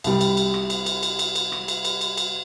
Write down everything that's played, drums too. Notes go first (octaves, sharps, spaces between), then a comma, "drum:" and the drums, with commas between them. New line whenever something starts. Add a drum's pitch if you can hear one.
C2 G3, drum: cymbal
drum: cymbal
drum: cymbal
drum: rim click
drum: cymbal
drum: cymbal
drum: cymbal
drum: cymbal
drum: cymbal
drum: rim click
drum: cymbal
drum: cymbal
drum: cymbal
drum: cymbal